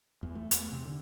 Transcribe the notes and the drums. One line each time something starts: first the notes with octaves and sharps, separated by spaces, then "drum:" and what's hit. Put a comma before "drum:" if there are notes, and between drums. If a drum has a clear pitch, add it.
E2
A3
E2, drum: hi-hat
C3
D3